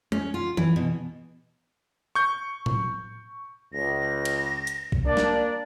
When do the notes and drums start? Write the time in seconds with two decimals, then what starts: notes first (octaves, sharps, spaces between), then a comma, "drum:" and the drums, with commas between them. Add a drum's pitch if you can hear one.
0.12 C#4, drum: tom G#3
0.34 F4
0.57 E3, drum: tom E3
0.76 B2
2.15 C#6 G6
2.66 drum: tom A2
3.74 C#2 A#6
4.25 drum: cymbal
4.67 drum: hi-hat
4.92 drum: kick B1
5.05 A#3 D4 D5
5.17 drum: snare